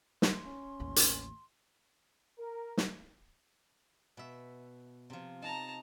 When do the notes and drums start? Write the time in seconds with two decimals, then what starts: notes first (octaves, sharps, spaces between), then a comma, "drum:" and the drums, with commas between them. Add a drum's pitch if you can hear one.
0.22 C6, drum: snare
0.44 C#4
0.80 A1 D#2
0.96 drum: hi-hat
2.38 A#4
2.77 drum: snare
4.17 B2 E5
5.10 C3 F3
5.42 D#4 A5 A#5